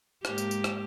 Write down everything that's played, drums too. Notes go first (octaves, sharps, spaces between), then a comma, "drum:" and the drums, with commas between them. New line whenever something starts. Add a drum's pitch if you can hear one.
G#2 A#3 G4, drum: rim click
drum: tambourine
drum: tambourine
drum: rim click